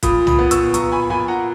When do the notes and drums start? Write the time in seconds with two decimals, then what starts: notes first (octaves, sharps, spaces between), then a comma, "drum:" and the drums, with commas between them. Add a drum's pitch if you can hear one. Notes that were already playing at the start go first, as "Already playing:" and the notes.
0.03 A#2 B5 D#6, drum: kick, hi-hat
0.27 B5 D#6, drum: tom
0.39 B3
0.51 C#6 E6, drum: hi-hat
0.74 A#2 A#5 C#6, drum: hi-hat
0.92 G#5 B5
1.10 A#2 G#5 B5
1.28 F#5 A#5